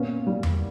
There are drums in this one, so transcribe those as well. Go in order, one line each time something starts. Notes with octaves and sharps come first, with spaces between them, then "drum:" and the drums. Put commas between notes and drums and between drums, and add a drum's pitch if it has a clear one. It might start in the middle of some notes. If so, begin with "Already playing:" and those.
Already playing: A#2 B3 C#4
G3
drum: tom E2